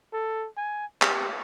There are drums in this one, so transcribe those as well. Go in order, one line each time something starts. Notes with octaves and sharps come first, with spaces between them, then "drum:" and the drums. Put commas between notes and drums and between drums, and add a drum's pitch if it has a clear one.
A4
G#5
G4, drum: clap